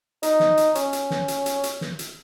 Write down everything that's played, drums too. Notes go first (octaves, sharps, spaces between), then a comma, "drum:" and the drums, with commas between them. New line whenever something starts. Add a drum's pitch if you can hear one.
D#4, drum: hi-hat
drum: snare
drum: hi-hat
C#4, drum: hi-hat
drum: hi-hat
drum: snare
drum: hi-hat
drum: hi-hat
drum: hi-hat
drum: snare
drum: hi-hat